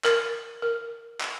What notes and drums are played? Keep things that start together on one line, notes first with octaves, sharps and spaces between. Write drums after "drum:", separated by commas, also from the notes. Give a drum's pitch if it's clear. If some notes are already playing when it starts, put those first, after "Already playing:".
A#4, drum: clap
A#4
drum: clap